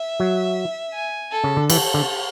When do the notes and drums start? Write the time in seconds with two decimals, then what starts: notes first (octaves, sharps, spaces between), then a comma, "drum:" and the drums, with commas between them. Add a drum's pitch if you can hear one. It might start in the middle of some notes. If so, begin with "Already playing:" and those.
Already playing: E5
0.20 F#3
0.94 G#5
1.32 A4
1.44 C#3
1.57 D3
1.70 E3 A4, drum: cymbal
1.94 D3